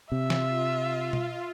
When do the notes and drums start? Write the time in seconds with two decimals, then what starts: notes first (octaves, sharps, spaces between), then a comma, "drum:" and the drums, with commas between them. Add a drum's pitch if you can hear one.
0.12 C3 F4 E5
0.30 drum: snare
1.13 drum: tom B2